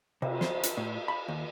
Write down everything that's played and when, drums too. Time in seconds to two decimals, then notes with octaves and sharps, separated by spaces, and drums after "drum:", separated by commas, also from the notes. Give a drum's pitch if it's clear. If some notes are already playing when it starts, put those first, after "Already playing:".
0.22 C3, drum: cymbal
0.41 C5, drum: snare
0.63 drum: hi-hat
0.77 A2
1.08 B5
1.28 D#2